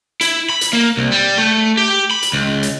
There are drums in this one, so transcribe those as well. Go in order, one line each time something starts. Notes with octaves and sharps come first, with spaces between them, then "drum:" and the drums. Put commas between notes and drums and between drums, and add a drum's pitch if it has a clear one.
E4, drum: hi-hat
B5
drum: hi-hat
A#3
C2
G3
A3
G4
B5
drum: hi-hat
C#2
drum: hi-hat